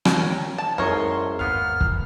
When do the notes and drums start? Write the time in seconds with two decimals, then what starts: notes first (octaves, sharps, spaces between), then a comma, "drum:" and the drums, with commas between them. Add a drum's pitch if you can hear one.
0.05 A#4 C#5 G5, drum: rim click
0.58 A5
0.78 G#1 F#2 A2 A#4 C#5 D#5 C6
1.39 G1 D#2 G#2 A#3 B3 F5 F6
1.81 drum: kick